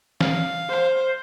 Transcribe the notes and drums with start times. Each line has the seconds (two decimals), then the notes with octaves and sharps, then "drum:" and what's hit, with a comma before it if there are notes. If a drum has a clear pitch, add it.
0.21 F5, drum: snare E3
0.68 C5